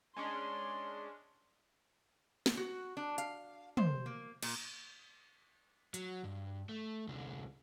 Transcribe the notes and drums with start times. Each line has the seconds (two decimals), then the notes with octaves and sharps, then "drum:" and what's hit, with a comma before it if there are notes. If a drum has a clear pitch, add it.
0.17 G#3 C#4 D4 C6
2.46 drum: snare
2.57 F#4
2.97 D4
3.18 F5, drum: hi-hat
3.77 C5, drum: tom
4.06 A#3
4.43 A#2, drum: cymbal
5.94 F#3, drum: hi-hat
6.24 G2
6.69 A3
7.09 C2 D3